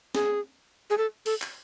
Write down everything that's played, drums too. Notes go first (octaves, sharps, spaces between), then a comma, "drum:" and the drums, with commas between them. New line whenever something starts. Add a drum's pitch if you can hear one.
G#4, drum: snare
G#4
A4
A4, drum: open hi-hat
drum: clap